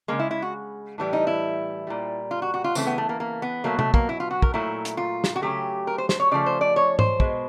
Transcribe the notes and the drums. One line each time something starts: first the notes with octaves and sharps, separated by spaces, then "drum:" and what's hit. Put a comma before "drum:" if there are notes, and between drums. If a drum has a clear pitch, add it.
C#3 F3 G#3 A#3
E4
E4
F#4
A2 E3 G3
D#4
E4
A#2 G3
F4
F#4
F#4
F4
C#3 E3 A3 C4, drum: tambourine
B3
A3
A#3
A#3
B3
B2 F#3 A3 A#3
A3, drum: tom C3
A#3, drum: kick
E4
F4
F#4
A#4, drum: kick
A#2 F#3 A3 E4
drum: hi-hat
F4
drum: snare
F#4
C#3 F#3 A3 G4
A#4
C5
C5, drum: snare
C#5
C#3 F3 A3 D5
C5
D5
C#5
C5, drum: tom G#2
B2 G#3, drum: kick